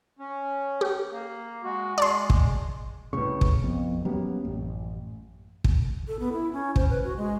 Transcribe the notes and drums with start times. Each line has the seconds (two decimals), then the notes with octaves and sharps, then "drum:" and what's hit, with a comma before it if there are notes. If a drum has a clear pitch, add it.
0.19 C#4
0.81 G4
1.12 A#3
1.64 G#3 F#4
1.98 G#3 D5 A5 C6
2.30 drum: kick
3.13 C2 A2 C#3 B4 C#6
3.41 drum: kick
3.64 F2 B3
4.05 F#3 G3 A#3 B3 C#4 G4
4.45 A1 F#2
5.64 drum: kick
6.08 A4
6.20 B3
6.33 E4
6.53 C#4
6.76 C5, drum: kick
6.90 B4
7.04 F#4
7.17 G#3